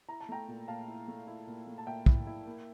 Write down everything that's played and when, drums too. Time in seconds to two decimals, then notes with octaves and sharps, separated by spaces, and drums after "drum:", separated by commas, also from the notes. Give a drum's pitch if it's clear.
0.09 E4 A#5
0.21 A5
0.29 A3 G5 A#5
0.48 A#2
0.68 A#2 F5 A5
0.88 E4
1.08 A3
1.27 E4
1.47 A#2
1.67 A3
1.78 A5
1.87 A#2 E5 G5
2.06 E4, drum: kick
2.27 E4
2.46 A#3